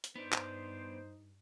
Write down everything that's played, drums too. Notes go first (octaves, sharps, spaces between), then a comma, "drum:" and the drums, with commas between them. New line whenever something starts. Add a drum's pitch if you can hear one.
drum: hi-hat
G2 B3 D4 D#4 C5
drum: clap